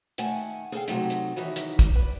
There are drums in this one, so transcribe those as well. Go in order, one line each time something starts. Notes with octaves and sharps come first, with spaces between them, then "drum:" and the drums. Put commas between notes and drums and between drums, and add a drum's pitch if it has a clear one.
D#3 A3 F#5 G#5 A5, drum: hi-hat
G#4 A4 F5 G5
C3 F#3 A3 D#4, drum: hi-hat
drum: hi-hat
D#3 E3 F#3 D#4 E5
drum: hi-hat
drum: kick, hi-hat
B4 D5